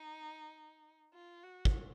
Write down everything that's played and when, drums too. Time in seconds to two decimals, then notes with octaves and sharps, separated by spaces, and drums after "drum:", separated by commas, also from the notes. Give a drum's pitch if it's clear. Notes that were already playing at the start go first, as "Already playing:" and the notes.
Already playing: D#4
1.13 F4
1.43 F#4
1.65 drum: kick